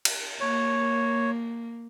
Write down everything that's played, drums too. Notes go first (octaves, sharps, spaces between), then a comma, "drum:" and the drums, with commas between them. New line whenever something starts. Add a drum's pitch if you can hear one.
drum: cymbal
A#3 C#5